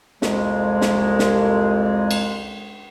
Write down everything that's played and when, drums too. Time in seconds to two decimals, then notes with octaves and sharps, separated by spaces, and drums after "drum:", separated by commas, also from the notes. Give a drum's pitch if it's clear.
0.22 C2 F2 G#3, drum: snare
0.81 drum: snare
1.19 drum: snare
2.11 drum: cymbal